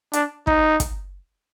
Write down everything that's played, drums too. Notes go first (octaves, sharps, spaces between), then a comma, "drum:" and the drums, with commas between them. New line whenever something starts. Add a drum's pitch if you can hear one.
D4, drum: hi-hat
D#4, drum: kick
drum: kick, hi-hat